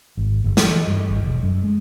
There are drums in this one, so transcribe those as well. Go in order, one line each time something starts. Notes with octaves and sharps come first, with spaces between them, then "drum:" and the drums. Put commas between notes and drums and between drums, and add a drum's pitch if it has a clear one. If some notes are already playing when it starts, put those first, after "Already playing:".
G#1
G1
F3, drum: snare
E3
G2
G#1
E1
F#2
G#3